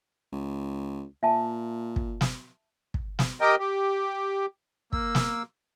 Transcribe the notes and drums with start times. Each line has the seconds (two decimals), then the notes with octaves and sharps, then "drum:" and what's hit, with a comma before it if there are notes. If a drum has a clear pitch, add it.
0.32 C#2
1.23 A#2 E5 G#5 A5
1.96 drum: kick
2.21 drum: snare
2.94 drum: kick
3.19 drum: snare
3.41 G4 A#4 D#5 G5
3.59 G4
4.93 A#3 E6, drum: kick
5.15 drum: snare